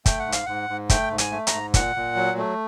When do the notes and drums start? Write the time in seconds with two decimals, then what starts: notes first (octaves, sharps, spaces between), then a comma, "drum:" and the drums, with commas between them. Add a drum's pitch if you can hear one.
0.06 A3 G5, drum: kick, hi-hat
0.19 F#5
0.26 G#2
0.32 F5, drum: hi-hat
0.46 G#2 F#5
0.70 G#2
0.90 A3 G5, drum: kick, hi-hat
1.11 G#2
1.18 G#5, drum: hi-hat
1.32 A3
1.47 A#5, drum: hi-hat
1.54 G#2
1.74 A#2 F#5, drum: kick, hi-hat
1.96 A#2
2.16 F#3
2.38 A3